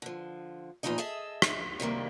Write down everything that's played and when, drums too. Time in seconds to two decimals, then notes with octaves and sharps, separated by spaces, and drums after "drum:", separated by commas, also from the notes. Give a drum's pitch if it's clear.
0.02 D3 F3
0.83 E2 A#2 E3 F3 D#4 D#5
0.98 G#4 A4 D#5 E5
1.42 drum: rim click
1.80 C3 D#3 G3 A#3